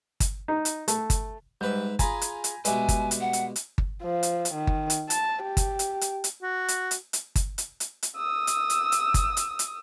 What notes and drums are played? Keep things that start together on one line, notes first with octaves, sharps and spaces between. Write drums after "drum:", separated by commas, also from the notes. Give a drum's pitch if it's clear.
drum: kick G1, hi-hat
D#4
drum: hi-hat
A3, drum: hi-hat
drum: kick G1, hi-hat
G#2 G3 B4 E5 G6
F4 G#4 G#5 A#5 B5, drum: kick G1, hi-hat
drum: hi-hat
drum: hi-hat
B2 G3 G#3 B4 E5 G#5, drum: hi-hat
drum: kick G1, hi-hat
drum: hi-hat
F#5
drum: hi-hat
drum: hi-hat
drum: kick G1
F3
drum: hi-hat
drum: hi-hat
D#3
drum: kick G1
drum: hi-hat
A5, drum: hi-hat
G4
drum: kick G1, hi-hat
drum: hi-hat
drum: hi-hat
drum: hi-hat
F#4
drum: hi-hat
drum: hi-hat
drum: hi-hat
drum: kick G1, hi-hat
drum: hi-hat
drum: hi-hat
drum: hi-hat
D#6 E6
drum: hi-hat
drum: hi-hat
drum: hi-hat
drum: kick G1, hi-hat
drum: hi-hat
drum: hi-hat